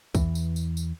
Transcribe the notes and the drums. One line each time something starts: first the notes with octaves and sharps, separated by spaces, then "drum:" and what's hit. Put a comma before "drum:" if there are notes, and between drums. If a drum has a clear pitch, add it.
E2 E3, drum: kick, tambourine
drum: tambourine
drum: tambourine
drum: tambourine